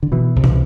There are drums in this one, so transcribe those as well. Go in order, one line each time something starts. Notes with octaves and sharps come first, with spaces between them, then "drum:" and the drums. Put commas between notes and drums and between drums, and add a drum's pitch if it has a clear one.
D3
B2 E3
C2
E3, drum: tom